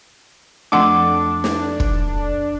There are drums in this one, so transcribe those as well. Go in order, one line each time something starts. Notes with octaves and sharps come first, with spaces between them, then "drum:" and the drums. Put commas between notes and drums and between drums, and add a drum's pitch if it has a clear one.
F2 A3 D4 A4 F#5 C6 D6
drum: snare
drum: kick